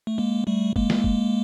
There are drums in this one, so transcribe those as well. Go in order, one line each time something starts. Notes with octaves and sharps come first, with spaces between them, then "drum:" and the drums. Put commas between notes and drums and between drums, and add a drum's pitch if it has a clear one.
A3
G#3 A#3
G3 A3
G#3 A#3, drum: kick
drum: snare
drum: kick